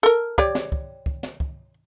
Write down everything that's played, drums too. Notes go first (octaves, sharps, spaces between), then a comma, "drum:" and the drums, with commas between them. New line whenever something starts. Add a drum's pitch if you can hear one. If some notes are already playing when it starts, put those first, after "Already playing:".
A4 A#4
G4 C#5 D5, drum: kick
drum: snare
drum: kick
drum: kick
drum: snare
drum: kick